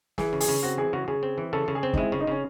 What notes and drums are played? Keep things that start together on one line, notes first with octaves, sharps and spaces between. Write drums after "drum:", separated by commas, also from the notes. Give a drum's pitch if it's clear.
E3 G#4, drum: snare
C#3
G#4, drum: open hi-hat
C#3
C4 F#4
E3 G#4
C#3 F#4
C#3 G#4
C4
E3
C#3 A4
C#3
G#4
C4
D#4, drum: kick
G#3 E4
C#3
D#4
C#3 C#4